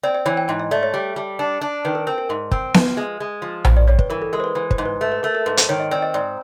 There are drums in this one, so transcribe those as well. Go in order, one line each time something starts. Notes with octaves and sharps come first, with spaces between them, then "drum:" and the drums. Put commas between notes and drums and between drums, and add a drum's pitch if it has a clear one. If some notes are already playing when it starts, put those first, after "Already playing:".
C4 D5
D5
E3 C#5
G5
G#2 G5
D#5
A3 D5
C#5
G3
G3
D4
D4
D#3 B4
A#4
C4 A#4
A#4
G#2 A#4
C4, drum: kick
F3 B4, drum: snare B3
G#3
G#3
F3
G2 C5, drum: tom A#1
D5
G2 C#5
B4, drum: kick
E3 A#4
A4
G#3 A#4
C5
B4
E3 B4
C5, drum: kick
G#2
B4
A3 B4
B4
A3 A#4
A#4
G#2 B4
C5, drum: hi-hat
D#3 C#5
D#5
C4 D5
D#5
G#2 D5